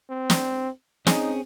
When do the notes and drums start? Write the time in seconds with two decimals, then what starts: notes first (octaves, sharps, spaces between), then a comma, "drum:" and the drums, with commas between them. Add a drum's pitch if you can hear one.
0.10 C4
0.30 drum: snare
1.07 C4 C#4 D#4 G#4, drum: snare